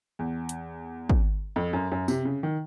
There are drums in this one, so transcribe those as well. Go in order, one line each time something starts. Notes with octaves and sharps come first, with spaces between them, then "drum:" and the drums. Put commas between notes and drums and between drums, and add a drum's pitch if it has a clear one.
E2
drum: hi-hat
drum: kick
F2
F#2
F#2
C3, drum: tambourine
C#3
D#3